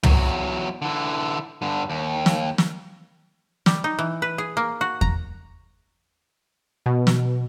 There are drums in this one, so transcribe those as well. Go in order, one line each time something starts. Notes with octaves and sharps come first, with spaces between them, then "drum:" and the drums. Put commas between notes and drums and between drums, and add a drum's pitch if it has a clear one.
E2 F#3, drum: tom
D3 E3
G2 D3
D#2
drum: snare
drum: snare
G3, drum: snare
D#4
E3
B4
G#4
A#3
F#4
A#5, drum: kick E2
B2
drum: snare